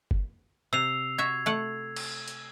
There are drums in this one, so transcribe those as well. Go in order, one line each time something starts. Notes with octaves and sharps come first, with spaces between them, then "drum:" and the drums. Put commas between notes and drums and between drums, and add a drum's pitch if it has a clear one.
drum: kick F#1
C3 E6 C7 F7
F#4 E5 G#6
A3 F#5
drum: cymbal
drum: hi-hat